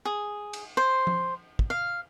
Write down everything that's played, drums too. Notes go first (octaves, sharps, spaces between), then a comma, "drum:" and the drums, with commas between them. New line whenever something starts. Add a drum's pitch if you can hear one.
G#4
drum: cymbal
C5
drum: tom F3
drum: kick
F5